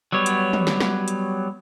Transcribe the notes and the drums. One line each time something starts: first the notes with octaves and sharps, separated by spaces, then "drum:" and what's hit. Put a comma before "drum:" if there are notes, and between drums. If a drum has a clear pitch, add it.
F#3 G3 B3 C#5
drum: hi-hat
drum: tom
drum: snare
drum: snare
drum: hi-hat